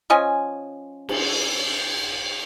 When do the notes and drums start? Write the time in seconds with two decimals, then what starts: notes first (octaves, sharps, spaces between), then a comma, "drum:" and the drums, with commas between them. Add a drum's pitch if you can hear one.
0.10 F3 C#4 D#5 G#5
1.09 drum: cymbal